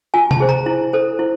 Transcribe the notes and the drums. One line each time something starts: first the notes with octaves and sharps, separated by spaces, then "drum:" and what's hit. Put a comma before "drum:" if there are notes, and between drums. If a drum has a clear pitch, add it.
F4 G#5
A5, drum: tom C3
G#4 C5
A#5
E4
A4 C5
E4